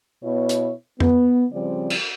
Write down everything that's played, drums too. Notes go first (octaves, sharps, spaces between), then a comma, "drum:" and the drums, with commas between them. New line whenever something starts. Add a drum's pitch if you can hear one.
B2 B3 E4 C#5
drum: hi-hat
B3, drum: tom F2
C#3 F3 G3 C4 D5
drum: cymbal